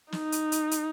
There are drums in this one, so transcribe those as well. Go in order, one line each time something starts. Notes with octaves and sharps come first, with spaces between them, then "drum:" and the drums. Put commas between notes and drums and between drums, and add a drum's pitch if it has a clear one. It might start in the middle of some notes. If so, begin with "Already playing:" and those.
D#4, drum: snare
drum: hi-hat
drum: hi-hat
drum: hi-hat